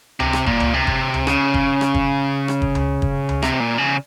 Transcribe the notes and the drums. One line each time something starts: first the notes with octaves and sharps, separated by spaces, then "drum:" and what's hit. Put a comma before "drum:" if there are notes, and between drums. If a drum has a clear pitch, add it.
C3, drum: tom C#2
drum: rim click
A#2, drum: kick
drum: tom C#2
C3
drum: kick
drum: tom C#2
C#3, drum: rim click
drum: kick
drum: rim click
drum: kick
drum: rim click
drum: kick
drum: tom C#2
drum: kick
drum: tom C#2
C3, drum: rim click
A#2
C#3